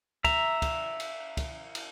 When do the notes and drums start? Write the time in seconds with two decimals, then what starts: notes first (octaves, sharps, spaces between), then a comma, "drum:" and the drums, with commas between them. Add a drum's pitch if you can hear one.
0.24 E5 A#5, drum: kick, cymbal
0.62 drum: kick, cymbal
1.00 drum: cymbal
1.37 drum: kick, cymbal
1.75 drum: cymbal